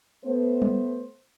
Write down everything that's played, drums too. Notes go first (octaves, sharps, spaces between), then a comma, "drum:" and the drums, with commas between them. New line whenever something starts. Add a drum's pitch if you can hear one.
A3 B3 C5
drum: tom G3